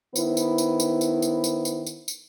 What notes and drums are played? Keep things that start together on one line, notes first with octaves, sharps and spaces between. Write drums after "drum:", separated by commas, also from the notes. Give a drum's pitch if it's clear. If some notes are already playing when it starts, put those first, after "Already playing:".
D#3 B3 E4 C5, drum: tambourine
drum: tambourine
drum: tambourine
drum: tambourine
drum: tambourine
drum: tambourine
drum: tambourine
drum: tambourine
drum: tambourine
drum: tambourine